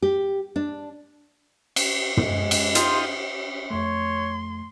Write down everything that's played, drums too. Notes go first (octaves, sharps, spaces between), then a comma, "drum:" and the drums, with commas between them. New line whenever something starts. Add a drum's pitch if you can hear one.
G4
D4
drum: cymbal
G#3, drum: tom
drum: cymbal
D#4 F4 G4 C6, drum: hi-hat
F2 A3 C#5 C6